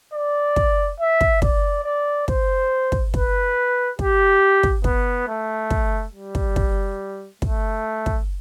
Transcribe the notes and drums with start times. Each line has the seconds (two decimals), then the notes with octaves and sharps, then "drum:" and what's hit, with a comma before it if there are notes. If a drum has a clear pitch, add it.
0.14 D5
0.56 drum: kick
0.99 E5
1.21 drum: kick
1.42 D5, drum: kick
1.84 D5
2.28 C5, drum: kick
2.92 drum: kick
3.14 B4, drum: kick
3.99 G4, drum: kick
4.63 drum: kick
4.84 B3, drum: kick
5.28 A3
5.70 drum: kick
6.13 G3
6.35 drum: kick
6.56 drum: kick
7.42 A3, drum: kick
8.06 drum: kick